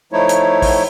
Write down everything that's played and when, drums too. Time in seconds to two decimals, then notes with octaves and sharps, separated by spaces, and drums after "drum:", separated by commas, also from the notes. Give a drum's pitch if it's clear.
0.12 F3 A3 D#4 E4 C#5
0.29 drum: hi-hat
0.62 drum: kick, open hi-hat